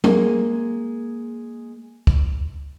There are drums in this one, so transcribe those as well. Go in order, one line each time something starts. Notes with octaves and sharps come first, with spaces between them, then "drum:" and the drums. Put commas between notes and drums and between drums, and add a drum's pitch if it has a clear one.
G#3 A#3, drum: tom F#3
drum: kick